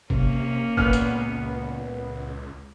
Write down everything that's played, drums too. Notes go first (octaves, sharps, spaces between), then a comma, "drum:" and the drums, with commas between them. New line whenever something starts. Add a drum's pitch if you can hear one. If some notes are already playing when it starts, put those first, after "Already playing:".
C3 A#3 C#4, drum: kick F#1
C#2 A#2 B3 F6, drum: kick F#1
drum: hi-hat